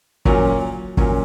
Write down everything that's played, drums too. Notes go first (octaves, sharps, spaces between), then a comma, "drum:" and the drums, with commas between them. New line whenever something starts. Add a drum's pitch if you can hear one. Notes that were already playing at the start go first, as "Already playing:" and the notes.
A#2 F#3 C#4, drum: kick F#1
A#2 F#3 C#4, drum: kick F#1